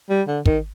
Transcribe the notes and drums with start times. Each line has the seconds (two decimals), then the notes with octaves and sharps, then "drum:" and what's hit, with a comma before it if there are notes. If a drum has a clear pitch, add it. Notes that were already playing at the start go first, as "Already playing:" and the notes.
0.10 G3
0.28 D3
0.46 D#3, drum: kick